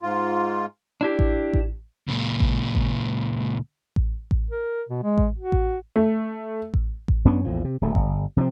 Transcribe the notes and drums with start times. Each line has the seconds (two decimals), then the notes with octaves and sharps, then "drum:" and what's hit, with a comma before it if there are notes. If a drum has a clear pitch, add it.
0.02 G#2 F4
1.01 D4 E4 G4
1.19 drum: kick A1
1.53 drum: kick A1
2.08 C#2 A#2
2.40 drum: kick A1
2.75 drum: kick A1
3.96 drum: kick A1
4.31 drum: kick A1
4.51 A#4
4.89 B2
5.03 G#3
5.18 drum: kick A1
5.38 F#4
5.52 drum: kick A1
5.96 A3
6.74 drum: kick A1
7.08 drum: kick A1
7.25 F#2 B3 C#4 D4
7.45 A#1 E2 A2 F3
7.64 C3
7.81 D1 D2 A3
7.95 G1, drum: kick A1
8.37 C3 F3 G#3 C4